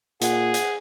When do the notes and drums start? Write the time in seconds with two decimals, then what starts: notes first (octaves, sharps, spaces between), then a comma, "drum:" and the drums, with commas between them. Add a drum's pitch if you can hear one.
0.21 A#2 G#4 F#5, drum: hi-hat
0.54 drum: hi-hat